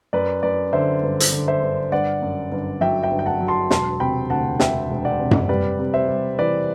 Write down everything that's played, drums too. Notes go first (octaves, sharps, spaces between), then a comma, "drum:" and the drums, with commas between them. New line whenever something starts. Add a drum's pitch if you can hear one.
F#2 B4 D5
F#2 B4 D5
D3 C5 E5
G1
drum: hi-hat
D3
C5 E5
G1
G1 D5 F#5
F#2
G1
F#3 E5 G5
E5 G5
G1
G5
F#5 A5
F#3
A5 C6
E1 A5 C6, drum: snare
C3 G5 B5
D2 F#5 A5
E1 E5 G5, drum: snare
E1
D5 F#5
C3
drum: tom F#2
G3 B4 D5
C3
C5 E5
G3
E3 B4 D5